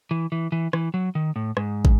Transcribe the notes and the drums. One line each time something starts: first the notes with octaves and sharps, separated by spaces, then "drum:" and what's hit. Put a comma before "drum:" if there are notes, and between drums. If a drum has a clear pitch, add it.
E3
E3
E3
E3, drum: rim click
F#3
D#3
A2
G#2, drum: rim click
drum: kick